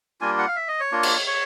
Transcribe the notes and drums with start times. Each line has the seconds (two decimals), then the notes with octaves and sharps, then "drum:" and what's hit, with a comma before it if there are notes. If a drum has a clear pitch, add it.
0.21 G3 A#3 D4 F4 G#5
0.39 F#5
0.47 F5
0.56 E5
0.68 D#5
0.80 C#5
0.92 A#3 D4 F4
1.03 drum: cymbal
1.27 C#5